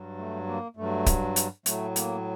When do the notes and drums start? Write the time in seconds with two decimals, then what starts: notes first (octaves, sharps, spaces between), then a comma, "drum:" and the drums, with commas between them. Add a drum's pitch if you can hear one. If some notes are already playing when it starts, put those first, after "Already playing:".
Already playing: G2 F#3
0.18 A3
0.47 A#3
0.76 G2 F#3 A3
1.06 drum: kick, hi-hat
1.36 drum: hi-hat
1.66 A2 F#3 A3, drum: hi-hat
1.96 A#3, drum: hi-hat